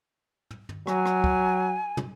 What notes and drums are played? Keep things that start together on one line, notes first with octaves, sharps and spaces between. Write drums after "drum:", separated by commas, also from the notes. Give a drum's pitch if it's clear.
drum: tom
drum: tom
F#3 G#5, drum: rim click
drum: rim click
drum: kick
drum: tom